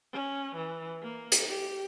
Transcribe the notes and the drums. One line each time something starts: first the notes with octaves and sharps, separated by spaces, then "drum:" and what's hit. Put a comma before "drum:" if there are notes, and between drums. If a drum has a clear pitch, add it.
C#4
E3
A#3
drum: hi-hat
G4